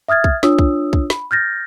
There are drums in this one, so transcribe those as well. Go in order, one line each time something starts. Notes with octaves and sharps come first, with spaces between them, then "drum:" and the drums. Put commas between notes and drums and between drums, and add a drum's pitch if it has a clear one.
E5 D#6 F6 G#6 A6
drum: kick
D4 F4 C#5 D#6 E6, drum: snare
drum: kick
drum: kick
B5, drum: snare
F6 G6 A6 A#6